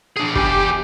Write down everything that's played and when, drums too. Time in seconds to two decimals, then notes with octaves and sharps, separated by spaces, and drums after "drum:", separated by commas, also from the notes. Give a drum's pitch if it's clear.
0.17 D4 G#4
0.35 E2 G4 G#5, drum: kick